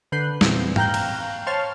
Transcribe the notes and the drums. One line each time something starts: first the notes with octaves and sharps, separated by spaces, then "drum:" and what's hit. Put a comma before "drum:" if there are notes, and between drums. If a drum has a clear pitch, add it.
D3 B4 F#6 G6 C7
E2 A#2 E3 B3 C4, drum: snare
F5 G5 A#5 F#6 G6, drum: tom G#2
drum: cymbal
C5 C#5 F5 A5 F6 C7